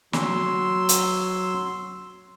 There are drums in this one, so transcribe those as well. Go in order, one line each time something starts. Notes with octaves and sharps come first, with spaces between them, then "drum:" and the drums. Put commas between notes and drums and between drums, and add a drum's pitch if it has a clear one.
F#3 C6 E6, drum: snare
drum: hi-hat